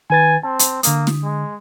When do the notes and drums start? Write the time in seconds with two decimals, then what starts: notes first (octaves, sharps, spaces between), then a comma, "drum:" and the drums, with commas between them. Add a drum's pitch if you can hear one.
0.10 D#3 B4 G#5 A6
0.43 C4 A5
0.59 drum: hi-hat
0.83 D3 A#3 D#6, drum: hi-hat
1.07 drum: snare
1.23 G#3